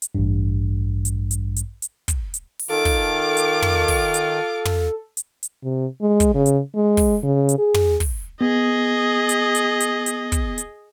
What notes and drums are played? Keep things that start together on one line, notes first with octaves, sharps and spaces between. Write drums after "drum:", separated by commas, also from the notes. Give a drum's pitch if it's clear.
drum: hi-hat
A1 G2
drum: hi-hat
drum: hi-hat
drum: hi-hat
drum: hi-hat
drum: kick, hi-hat
drum: hi-hat
drum: open hi-hat
D#3 F4 A4 D6
drum: kick, open hi-hat
drum: hi-hat
drum: tom
drum: kick, open hi-hat
drum: hi-hat
drum: tom
drum: hi-hat
drum: hi-hat
C3
G#3
drum: kick, hi-hat
C#3
drum: hi-hat
G#3
drum: kick, open hi-hat
C#3
drum: hi-hat
G#4
drum: tom
drum: kick, open hi-hat
B3 G#4 D#5
drum: hi-hat
drum: hi-hat
drum: hi-hat
drum: hi-hat
drum: kick, hi-hat
drum: hi-hat